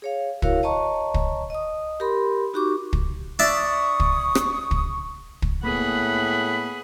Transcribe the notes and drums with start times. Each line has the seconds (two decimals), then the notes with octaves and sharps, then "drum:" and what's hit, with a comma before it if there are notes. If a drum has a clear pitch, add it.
0.02 G#4 C#5 F5
0.42 E4 F#4 A#4 C#5 F5, drum: kick
0.63 C#5 D#5 A5 A#5 C#6
1.14 drum: kick
1.50 D#5 D#6
2.00 G4 A#4 B5 C6
2.54 D#4 F#4 G4 C#6 D6
2.93 drum: kick
3.39 D4 E5 A5 C#6 D#6
4.00 drum: kick
4.35 drum: rim click
4.71 drum: kick
5.42 drum: kick
5.63 A2 A#3 B3 G#4 F#5 B5